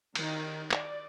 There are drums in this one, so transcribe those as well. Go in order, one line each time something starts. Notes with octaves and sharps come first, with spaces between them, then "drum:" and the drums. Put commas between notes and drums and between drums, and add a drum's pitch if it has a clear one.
D#3, drum: cymbal
D5, drum: clap